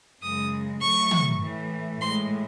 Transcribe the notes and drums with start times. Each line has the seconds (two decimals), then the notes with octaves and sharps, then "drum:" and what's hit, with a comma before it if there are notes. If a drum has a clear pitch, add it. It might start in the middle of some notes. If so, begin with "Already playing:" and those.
0.23 F#2 C#3 G#3 D#6
0.82 A2 F#3 A3 C#6
1.11 drum: tom
1.41 A2 E3 A3
2.01 A2 G#3 C6